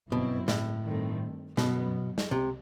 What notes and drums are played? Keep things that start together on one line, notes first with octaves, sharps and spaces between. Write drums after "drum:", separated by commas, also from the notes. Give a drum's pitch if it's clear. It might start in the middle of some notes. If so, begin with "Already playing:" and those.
G1 F#2 B2 F#3 C4 E4
A2, drum: snare
G2 D#3 A3 C4
G1 F#2 B2 F#3 B3, drum: snare
drum: snare
C2 C3